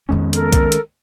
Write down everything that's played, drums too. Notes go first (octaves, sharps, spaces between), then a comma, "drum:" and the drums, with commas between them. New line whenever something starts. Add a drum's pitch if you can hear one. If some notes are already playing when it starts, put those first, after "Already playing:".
F2 D#3 G#3 B3 C#4
A4 A#4, drum: hi-hat
drum: kick B1, hi-hat
drum: hi-hat